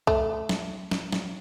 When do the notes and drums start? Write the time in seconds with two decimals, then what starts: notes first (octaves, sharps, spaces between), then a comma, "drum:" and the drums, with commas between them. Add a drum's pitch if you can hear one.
0.07 A3, drum: kick C2
0.49 drum: snare
0.91 drum: snare
1.12 drum: snare